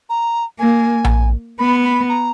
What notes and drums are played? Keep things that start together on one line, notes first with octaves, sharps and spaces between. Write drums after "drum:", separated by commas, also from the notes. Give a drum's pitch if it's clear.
A#5
A#3 G#5
drum: tom A#1
B3 B5
B5
A#5